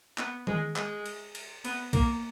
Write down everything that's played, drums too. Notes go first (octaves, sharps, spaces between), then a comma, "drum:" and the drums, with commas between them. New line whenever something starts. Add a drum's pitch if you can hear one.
B3, drum: clap
G#3, drum: tom D#3
G#3, drum: clap
drum: cymbal
drum: cymbal
B3, drum: cymbal
A#3, drum: kick, cymbal